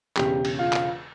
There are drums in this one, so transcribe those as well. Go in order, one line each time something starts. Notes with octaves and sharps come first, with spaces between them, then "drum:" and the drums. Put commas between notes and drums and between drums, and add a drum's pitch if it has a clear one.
E1 E2 C#3 G4, drum: clap
drum: cymbal
F4
drum: clap